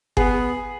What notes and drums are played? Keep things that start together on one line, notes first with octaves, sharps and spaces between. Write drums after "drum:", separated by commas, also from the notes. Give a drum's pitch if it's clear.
B3 G#4, drum: kick G1